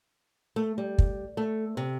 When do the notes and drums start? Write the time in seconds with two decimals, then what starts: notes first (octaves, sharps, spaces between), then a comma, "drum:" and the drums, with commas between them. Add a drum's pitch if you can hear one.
0.56 A3
0.78 G3
0.98 drum: kick
1.37 A3
1.77 C3